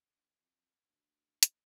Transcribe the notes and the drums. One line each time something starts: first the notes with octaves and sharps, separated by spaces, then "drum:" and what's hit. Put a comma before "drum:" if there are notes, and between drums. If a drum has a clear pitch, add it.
A#1
F2
D2
drum: hi-hat